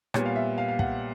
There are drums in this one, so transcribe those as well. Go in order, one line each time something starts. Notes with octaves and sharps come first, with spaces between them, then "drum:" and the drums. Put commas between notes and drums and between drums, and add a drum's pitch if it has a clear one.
A#2 G3 B3 C#5, drum: rim click
F5
E5
F5
F5
F#5, drum: kick